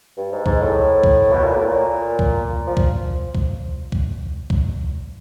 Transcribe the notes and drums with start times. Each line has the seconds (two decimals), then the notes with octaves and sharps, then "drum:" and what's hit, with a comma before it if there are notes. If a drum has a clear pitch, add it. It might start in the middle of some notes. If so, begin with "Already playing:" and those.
0.17 G2
0.32 G#2
0.46 G#2, drum: kick C2
0.61 A2
1.03 drum: kick C2
1.33 B2
1.44 A#2
1.56 A2
1.68 A#2
2.19 drum: kick C2
2.67 F3
2.77 drum: kick C2
3.35 drum: kick C2
3.92 drum: kick C2
4.50 drum: kick C2